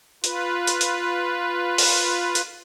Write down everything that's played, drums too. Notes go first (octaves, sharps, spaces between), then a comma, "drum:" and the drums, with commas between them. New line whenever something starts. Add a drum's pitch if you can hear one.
F4 B4, drum: hi-hat
drum: hi-hat
drum: hi-hat
drum: open hi-hat
drum: hi-hat